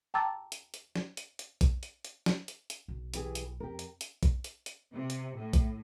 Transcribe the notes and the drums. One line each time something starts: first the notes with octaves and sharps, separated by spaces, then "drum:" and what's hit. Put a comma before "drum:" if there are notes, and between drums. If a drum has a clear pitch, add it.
G5 A5 A#5 D6 E6 A6
drum: hi-hat
drum: hi-hat
drum: snare
drum: hi-hat
drum: hi-hat
drum: kick B1, hi-hat
drum: hi-hat
drum: hi-hat
drum: snare
drum: hi-hat
drum: hi-hat
B1
E3 G4 G#4, drum: hi-hat
drum: hi-hat
F2 G4 A#4
drum: hi-hat
drum: hi-hat
drum: kick B1, hi-hat
drum: hi-hat
drum: hi-hat
C3
drum: hi-hat
A2
drum: kick B1, hi-hat